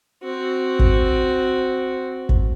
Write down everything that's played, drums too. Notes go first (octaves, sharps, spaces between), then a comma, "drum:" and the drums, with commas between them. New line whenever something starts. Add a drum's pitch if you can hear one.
C4 F#4
drum: kick
drum: kick